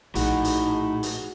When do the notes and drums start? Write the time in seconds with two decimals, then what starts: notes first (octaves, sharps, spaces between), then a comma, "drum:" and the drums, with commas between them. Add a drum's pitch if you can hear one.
0.15 A#1 A2 D#4 F#4 G#4 F#5, drum: hi-hat
0.44 drum: hi-hat
1.03 drum: hi-hat